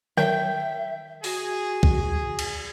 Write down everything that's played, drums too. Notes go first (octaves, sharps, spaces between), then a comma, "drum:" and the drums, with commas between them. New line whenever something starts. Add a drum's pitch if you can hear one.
D#3 F#3 E5 G5
F#4 G#4, drum: open hi-hat
drum: kick
drum: cymbal